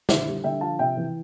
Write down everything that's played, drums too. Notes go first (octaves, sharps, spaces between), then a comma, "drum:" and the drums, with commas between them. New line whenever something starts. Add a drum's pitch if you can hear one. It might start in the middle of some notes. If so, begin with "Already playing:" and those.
D3 C5 E5, drum: snare
G3
D3 E5 G5
F3 F5 A5
C3 E5 G5
E3